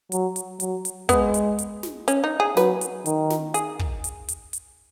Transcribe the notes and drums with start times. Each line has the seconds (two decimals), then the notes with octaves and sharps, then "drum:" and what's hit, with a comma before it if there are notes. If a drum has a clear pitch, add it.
0.12 F#3, drum: hi-hat
0.36 drum: hi-hat
0.60 F#3, drum: hi-hat
0.85 drum: hi-hat
1.09 G#3 B3, drum: kick, hi-hat
1.34 drum: hi-hat
1.59 drum: hi-hat
1.83 drum: snare
2.08 C#4, drum: hi-hat
2.24 D#4
2.40 G#4
2.57 F#3 B4, drum: snare
2.81 drum: hi-hat
3.06 D#3, drum: hi-hat
3.30 drum: snare
3.54 G#4, drum: hi-hat
3.79 drum: kick
4.04 drum: hi-hat
4.28 drum: hi-hat
4.53 drum: hi-hat